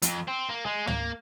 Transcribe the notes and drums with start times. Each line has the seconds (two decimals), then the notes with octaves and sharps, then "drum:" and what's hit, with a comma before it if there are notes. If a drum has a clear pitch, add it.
0.02 F2, drum: hi-hat
0.28 C4
0.49 A#3
0.65 G#3
0.87 A#3, drum: tom